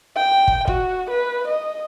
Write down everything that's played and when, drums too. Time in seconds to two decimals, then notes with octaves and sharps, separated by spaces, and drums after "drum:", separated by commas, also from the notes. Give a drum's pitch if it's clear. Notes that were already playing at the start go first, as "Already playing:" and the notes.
0.17 G5
0.48 drum: kick
0.68 F#4, drum: kick
1.10 B4
1.47 D#5